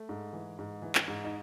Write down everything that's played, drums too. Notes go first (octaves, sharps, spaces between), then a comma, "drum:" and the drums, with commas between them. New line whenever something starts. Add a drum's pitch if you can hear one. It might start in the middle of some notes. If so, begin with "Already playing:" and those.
Already playing: A3
G#2
E3
G#2
E3
drum: clap
G#2
D#4